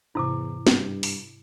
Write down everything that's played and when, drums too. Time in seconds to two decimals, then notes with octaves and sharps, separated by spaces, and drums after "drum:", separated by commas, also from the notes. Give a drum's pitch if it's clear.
0.15 E2 G#2 C3 E4 D6
0.67 G2, drum: snare
1.03 drum: open hi-hat